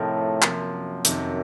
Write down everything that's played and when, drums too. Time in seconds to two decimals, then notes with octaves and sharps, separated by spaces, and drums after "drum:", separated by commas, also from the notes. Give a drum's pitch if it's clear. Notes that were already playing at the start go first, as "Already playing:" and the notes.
Already playing: A2 C3 F3 A3 D#4 A#4
0.42 F#2 C3 F3 A#3, drum: clap
1.05 F2 C3 D#3, drum: hi-hat